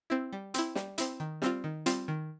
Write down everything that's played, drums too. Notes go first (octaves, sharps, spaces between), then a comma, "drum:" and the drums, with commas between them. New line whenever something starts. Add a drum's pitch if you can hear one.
C4 E4
G3
C4 E4, drum: hi-hat
G3, drum: snare
C4 E4, drum: hi-hat
D#3
G3 C4 F4, drum: snare
D#3
G3 C4 F4, drum: hi-hat
D#3